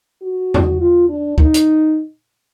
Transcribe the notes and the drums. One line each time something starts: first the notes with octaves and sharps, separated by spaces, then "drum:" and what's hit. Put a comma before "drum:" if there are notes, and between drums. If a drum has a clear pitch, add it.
F#4
drum: tom E2
F4
D4
D#4, drum: kick
drum: hi-hat